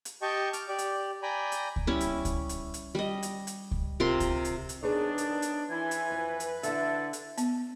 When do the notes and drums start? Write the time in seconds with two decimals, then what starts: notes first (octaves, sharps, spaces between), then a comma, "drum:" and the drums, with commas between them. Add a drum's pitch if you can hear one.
0.05 drum: hi-hat
0.22 G4 D#5 G5 A5 C#6
0.53 D6 F6, drum: hi-hat
0.69 G4 D5
0.78 drum: hi-hat
1.23 D5 G5 G#5 A#5 B5
1.52 drum: hi-hat
1.76 drum: kick C#2
1.87 G3 C#4 E4
2.01 drum: hi-hat
2.25 drum: kick C#2, hi-hat
2.49 drum: hi-hat
2.74 drum: hi-hat
2.95 G3 D#5
3.23 drum: hi-hat
3.47 drum: hi-hat
3.71 drum: kick C#2
4.00 C3 F4 A#4 C6
4.20 drum: kick C#2, hi-hat
4.45 drum: hi-hat
4.69 drum: hi-hat
4.83 D#3 B3 D4 G#4 B4 C#5 D5
5.18 drum: hi-hat
5.42 drum: hi-hat
5.70 E3 E4 G#5 C6
5.91 drum: hi-hat
6.11 F2 B4
6.40 drum: hi-hat
6.63 D3 E4 A4 E5, drum: hi-hat
7.13 drum: hi-hat
7.38 B3, drum: hi-hat